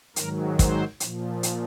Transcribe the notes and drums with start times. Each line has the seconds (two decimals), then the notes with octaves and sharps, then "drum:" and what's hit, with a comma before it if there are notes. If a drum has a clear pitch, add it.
0.16 G#2 D#3 F#3 A#4, drum: hi-hat
0.59 C5, drum: kick, hi-hat
1.00 A#2 F3, drum: hi-hat
1.43 drum: hi-hat